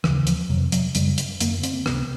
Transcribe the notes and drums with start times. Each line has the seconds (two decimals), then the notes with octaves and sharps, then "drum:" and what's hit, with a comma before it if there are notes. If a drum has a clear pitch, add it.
0.04 D#2 C#3 E3, drum: rim click
0.27 F3, drum: hi-hat
0.49 F2 C3 F#3
0.72 F#3, drum: hi-hat
0.95 F#2 C#3 G3, drum: hi-hat
1.18 drum: hi-hat
1.41 F#2 D3 A#3, drum: hi-hat
1.63 C4, drum: hi-hat
1.86 C#2 C3 B3, drum: rim click